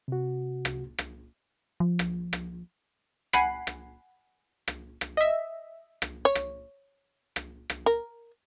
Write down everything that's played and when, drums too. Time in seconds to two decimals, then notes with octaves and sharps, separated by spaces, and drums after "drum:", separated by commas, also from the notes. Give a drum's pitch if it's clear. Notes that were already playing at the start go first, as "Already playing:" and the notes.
0.08 C3 F#4
0.65 drum: rim click
0.98 drum: rim click
1.80 F3
1.99 drum: rim click
2.33 drum: rim click
3.33 F#5 G#5 B5 C7, drum: rim click
3.67 drum: rim click
4.68 drum: rim click
5.01 drum: rim click
5.17 D#5 E5
6.02 drum: rim click
6.25 C#5
6.35 drum: rim click
7.36 drum: rim click
7.70 drum: rim click
7.86 A#4